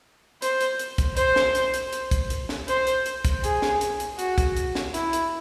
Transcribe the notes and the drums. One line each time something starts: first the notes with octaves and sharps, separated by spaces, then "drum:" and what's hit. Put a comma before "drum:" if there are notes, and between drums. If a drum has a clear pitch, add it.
C5, drum: hi-hat
drum: hi-hat
drum: hi-hat
drum: kick, hi-hat
C5, drum: hi-hat
drum: snare
drum: hi-hat
drum: hi-hat
drum: hi-hat
drum: kick, hi-hat
drum: hi-hat
drum: snare
C5, drum: hi-hat
drum: hi-hat
drum: hi-hat
drum: kick, hi-hat
G#4, drum: hi-hat
drum: snare
drum: hi-hat
drum: hi-hat
F#4, drum: hi-hat
drum: kick, hi-hat
drum: hi-hat
drum: snare
E4, drum: hi-hat
drum: hi-hat